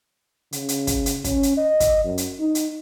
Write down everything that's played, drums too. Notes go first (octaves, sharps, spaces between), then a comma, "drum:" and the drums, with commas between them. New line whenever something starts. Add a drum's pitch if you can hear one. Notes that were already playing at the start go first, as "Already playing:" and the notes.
C#3, drum: hi-hat
drum: hi-hat
drum: kick, hi-hat
drum: hi-hat
C#4, drum: kick, hi-hat
drum: hi-hat
D#5
drum: kick, hi-hat
F#2
drum: hi-hat
D#4
drum: hi-hat